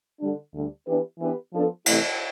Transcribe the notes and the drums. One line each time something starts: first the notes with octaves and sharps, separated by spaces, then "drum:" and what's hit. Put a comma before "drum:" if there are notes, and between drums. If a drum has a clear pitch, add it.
D3 G3 D4
D2 D3 G3 D4
E3 B3 D4 G4 B4
E3 B3 D4 G4 B4
F3 B3 D4 A4
C3 E3 A3 E4, drum: cymbal